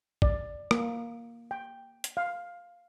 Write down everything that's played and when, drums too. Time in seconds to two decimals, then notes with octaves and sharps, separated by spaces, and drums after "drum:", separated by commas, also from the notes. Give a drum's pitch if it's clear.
0.22 D5, drum: kick
0.71 A#3, drum: rim click
1.51 G5
2.04 drum: hi-hat
2.17 F5